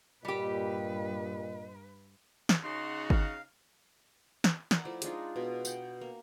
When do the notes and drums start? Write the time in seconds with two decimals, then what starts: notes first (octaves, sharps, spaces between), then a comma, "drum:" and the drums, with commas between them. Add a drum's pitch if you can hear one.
0.25 G2 A#2 G3 G4 B4 D#5
2.49 drum: snare
2.63 C#3 D#4 F#4 C6
3.10 F5, drum: kick G1
4.44 drum: snare
4.71 A#4 D5 F#5, drum: snare
4.85 F3 A3 E4
5.02 G#3 D4 D#4 F4, drum: hi-hat
5.36 B2
5.65 F#5 G5, drum: tambourine
6.01 A#3